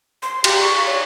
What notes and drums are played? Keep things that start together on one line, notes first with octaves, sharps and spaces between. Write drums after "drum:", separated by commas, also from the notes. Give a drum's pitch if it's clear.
C6
G4, drum: cymbal
C#6
C#5